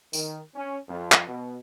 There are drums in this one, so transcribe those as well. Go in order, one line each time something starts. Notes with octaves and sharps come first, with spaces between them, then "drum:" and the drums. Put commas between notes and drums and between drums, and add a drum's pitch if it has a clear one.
D#3, drum: tambourine
C#4
F2
drum: clap
B2